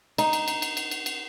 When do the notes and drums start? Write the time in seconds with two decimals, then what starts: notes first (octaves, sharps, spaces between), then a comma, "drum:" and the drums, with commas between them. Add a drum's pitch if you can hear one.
0.18 D#4, drum: cymbal
0.33 drum: cymbal
0.48 drum: cymbal
0.62 drum: cymbal
0.77 drum: cymbal
0.91 drum: cymbal
1.06 drum: cymbal